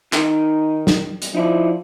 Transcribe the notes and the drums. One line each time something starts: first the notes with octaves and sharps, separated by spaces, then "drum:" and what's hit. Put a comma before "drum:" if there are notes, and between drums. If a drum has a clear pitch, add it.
D#3 D#4, drum: clap
drum: snare
drum: hi-hat
F3 D#4 E4 D5